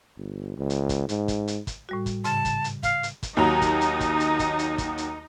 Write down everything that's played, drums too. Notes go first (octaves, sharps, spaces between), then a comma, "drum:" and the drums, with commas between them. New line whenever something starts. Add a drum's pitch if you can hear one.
G1
C#2
drum: hi-hat
drum: kick, hi-hat
G#2, drum: hi-hat
drum: kick, hi-hat
drum: hi-hat
drum: kick, hi-hat
A2 G3 F#4
drum: kick, hi-hat
G#2 C#3 A5, drum: hi-hat
drum: kick, hi-hat
drum: hi-hat
F5, drum: kick, hi-hat
drum: hi-hat
drum: kick, hi-hat
D#2 F#3 D#4 A#5
drum: kick, hi-hat
drum: hi-hat
drum: kick, hi-hat
drum: hi-hat
drum: kick, hi-hat
drum: hi-hat
drum: kick, hi-hat
drum: hi-hat